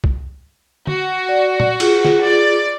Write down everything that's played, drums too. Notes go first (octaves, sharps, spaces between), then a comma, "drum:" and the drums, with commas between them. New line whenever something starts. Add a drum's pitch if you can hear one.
drum: kick
F#4, drum: tom
D5
drum: tom A#2
F4 G#4, drum: cymbal
drum: snare
D5